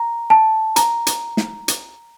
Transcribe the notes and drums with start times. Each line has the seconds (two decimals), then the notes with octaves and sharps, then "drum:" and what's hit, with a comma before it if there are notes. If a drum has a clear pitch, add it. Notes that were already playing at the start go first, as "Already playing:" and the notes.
Already playing: A#5
0.30 A5
0.76 A#5, drum: hi-hat
1.07 drum: hi-hat
1.37 drum: snare
1.68 drum: hi-hat